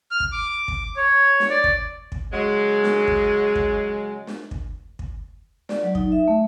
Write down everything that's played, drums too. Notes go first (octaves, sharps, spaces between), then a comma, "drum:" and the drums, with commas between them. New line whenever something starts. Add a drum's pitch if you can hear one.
F6
drum: kick
D6
drum: kick
C#5
drum: snare
D5
drum: kick
drum: kick
C#3 F#3 G#3
drum: snare
drum: kick
drum: kick
drum: snare
drum: kick
drum: kick
D5, drum: snare
F#3
D#4, drum: kick
E5
A3